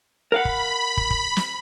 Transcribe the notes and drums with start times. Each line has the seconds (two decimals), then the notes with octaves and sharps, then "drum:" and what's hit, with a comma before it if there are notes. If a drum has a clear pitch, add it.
0.32 A#4 F5 F#5 B5
0.45 drum: kick
0.97 drum: kick
1.10 drum: kick
1.37 drum: snare